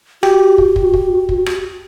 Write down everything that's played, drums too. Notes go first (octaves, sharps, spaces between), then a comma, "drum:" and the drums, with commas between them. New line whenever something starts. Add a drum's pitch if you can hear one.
F#4 G4, drum: rim click
drum: kick
drum: kick
drum: kick
drum: kick
drum: rim click